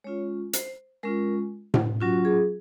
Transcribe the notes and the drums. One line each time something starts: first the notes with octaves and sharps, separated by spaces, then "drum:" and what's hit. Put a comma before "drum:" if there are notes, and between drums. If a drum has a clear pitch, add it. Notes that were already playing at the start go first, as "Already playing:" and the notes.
G#3 C#4 F4 C#5
C5, drum: hi-hat
G#3 C#4 F4 A#4
drum: tom A2
F#3 C#4 F4 F#4
G#4